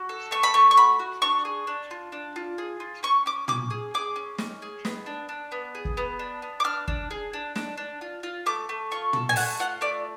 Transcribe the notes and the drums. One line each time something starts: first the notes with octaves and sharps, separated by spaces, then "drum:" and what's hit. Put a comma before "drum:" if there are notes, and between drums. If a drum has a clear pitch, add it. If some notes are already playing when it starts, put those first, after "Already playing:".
Already playing: F#4
A4
A3 C#6
B5
A3 C#6
C#6
F#4 B5
F#4
D4 C#6
G#4
D4
F4
D4
F4
G#4
F4
C#4 C#6
C#4 D6
C#4 D6, drum: tom
G#4
G#4 D6
C#4
C#4, drum: snare
G#4
B3, drum: snare
D4
D4
B3
G#4
drum: kick
B3
D4
B3
D6
D4 F6
D4, drum: kick
G#4
D4
D4, drum: snare
D4
F4
F4
A3 D6
A3
F4 C#6
A4, drum: tom
G#5
A3 F#5, drum: open hi-hat
F4 F#5
A3 D5